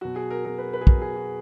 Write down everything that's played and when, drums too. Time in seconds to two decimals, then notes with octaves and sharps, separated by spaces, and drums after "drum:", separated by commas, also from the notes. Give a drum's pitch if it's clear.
0.01 B2 F#3 F#4
0.16 G#4
0.30 A#4
0.45 B2 F#3 A#4
0.58 B4
0.73 B4
0.81 G#4
0.87 B2 F#3 A#4, drum: kick
1.01 G#4
1.16 F#4